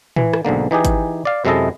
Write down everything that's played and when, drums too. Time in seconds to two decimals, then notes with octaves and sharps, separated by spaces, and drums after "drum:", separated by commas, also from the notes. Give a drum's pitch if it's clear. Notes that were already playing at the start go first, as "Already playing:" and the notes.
0.16 E3, drum: tom A2
0.33 drum: rim click
0.45 B1 G#2 D3 A#3
0.71 E3 D#4 G4 G#4
0.85 drum: kick G#1, hi-hat
1.25 D5 F5
1.45 F#2 C3 G#3 E4 A4 D#5